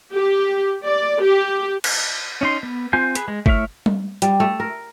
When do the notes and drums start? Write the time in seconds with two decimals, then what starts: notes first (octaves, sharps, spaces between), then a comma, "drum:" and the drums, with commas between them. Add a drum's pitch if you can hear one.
0.14 G4
0.86 D5
1.22 G4
1.84 drum: cymbal
2.41 C#4 D#4 C6
2.63 B3
2.93 C4 F4 G#5 G6
3.15 G#4 B4, drum: hi-hat
3.28 G#3
3.46 A3 E4 C#5 E5 F6, drum: kick G#1
3.86 drum: tom G3
4.22 G3, drum: hi-hat
4.40 A3
4.60 A#4